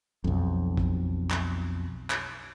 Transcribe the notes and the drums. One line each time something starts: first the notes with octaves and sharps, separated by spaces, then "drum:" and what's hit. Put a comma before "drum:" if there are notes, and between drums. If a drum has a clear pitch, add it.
B1 F2
drum: kick
drum: clap
drum: clap